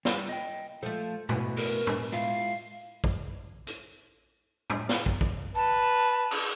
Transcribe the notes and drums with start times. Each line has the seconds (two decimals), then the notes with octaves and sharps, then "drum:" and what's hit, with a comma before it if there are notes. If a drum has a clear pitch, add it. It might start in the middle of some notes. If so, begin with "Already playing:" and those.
0.05 G3 F4, drum: snare
0.29 D#5 G5
0.83 F3 A3 A4
1.29 B2 A3 E4 F#4, drum: tom G#2
1.57 A#4, drum: open hi-hat
1.87 drum: tom A2
2.13 G#3 E4 F4 F5
3.04 drum: kick
3.67 drum: hi-hat
4.70 drum: tom A2
4.89 drum: snare
5.06 drum: kick
5.21 drum: kick
5.55 B4 A5
6.31 drum: cymbal